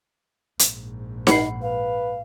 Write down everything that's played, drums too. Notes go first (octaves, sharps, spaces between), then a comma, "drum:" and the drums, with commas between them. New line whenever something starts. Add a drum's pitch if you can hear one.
A#1 G#2, drum: hi-hat
F#5 B5 C7, drum: snare D#4
B4 F5